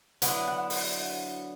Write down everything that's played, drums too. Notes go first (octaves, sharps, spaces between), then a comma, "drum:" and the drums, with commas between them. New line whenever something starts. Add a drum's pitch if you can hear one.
D3 F#3 B3 E4, drum: hi-hat
F#5
drum: open hi-hat